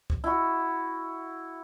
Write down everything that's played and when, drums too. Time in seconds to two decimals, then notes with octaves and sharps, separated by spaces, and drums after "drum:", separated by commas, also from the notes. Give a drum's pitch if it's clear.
0.10 drum: kick C2
0.24 E4 F#4